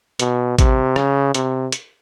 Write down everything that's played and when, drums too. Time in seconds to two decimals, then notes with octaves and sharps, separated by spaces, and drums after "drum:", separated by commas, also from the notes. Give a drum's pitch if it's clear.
0.19 B2, drum: hi-hat
0.58 C3, drum: kick A1, hi-hat
0.96 C#3, drum: rim click
1.34 C3, drum: hi-hat
1.72 drum: hi-hat